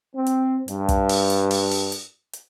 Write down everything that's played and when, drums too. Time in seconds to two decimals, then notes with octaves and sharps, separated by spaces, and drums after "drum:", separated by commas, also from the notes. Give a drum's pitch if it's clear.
0.15 C4
0.26 drum: hi-hat
0.68 G2, drum: hi-hat
0.89 drum: kick, hi-hat
1.09 drum: open hi-hat
1.30 drum: hi-hat
1.51 drum: open hi-hat
1.71 drum: open hi-hat
1.92 drum: hi-hat
2.33 drum: hi-hat